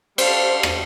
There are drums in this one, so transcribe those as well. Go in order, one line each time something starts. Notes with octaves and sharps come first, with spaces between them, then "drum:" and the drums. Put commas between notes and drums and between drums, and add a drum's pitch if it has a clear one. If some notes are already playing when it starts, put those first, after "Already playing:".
G3 A4 C5 F5, drum: cymbal
drum: rim click